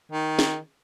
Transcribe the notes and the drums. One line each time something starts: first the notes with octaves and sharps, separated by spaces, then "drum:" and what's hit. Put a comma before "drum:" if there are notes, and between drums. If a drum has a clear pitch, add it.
D#3
drum: snare